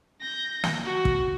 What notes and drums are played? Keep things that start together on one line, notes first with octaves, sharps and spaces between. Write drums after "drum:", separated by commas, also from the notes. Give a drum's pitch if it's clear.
G6 A#6
drum: snare
F#4
drum: kick